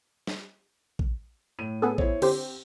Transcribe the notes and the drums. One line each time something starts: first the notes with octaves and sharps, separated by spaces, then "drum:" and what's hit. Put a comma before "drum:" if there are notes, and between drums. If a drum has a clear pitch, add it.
drum: snare
drum: kick A1
A2 D#7
B3 G#4 A4
E4 C5 C#5, drum: kick A1
D3 C4 G4 C5, drum: cymbal